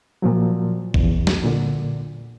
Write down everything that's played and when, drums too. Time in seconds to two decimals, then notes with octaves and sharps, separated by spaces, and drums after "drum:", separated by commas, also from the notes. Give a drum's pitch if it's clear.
0.22 A#2 F3 F#3
0.94 E2, drum: kick G#1
1.27 drum: snare
1.44 A#2 D3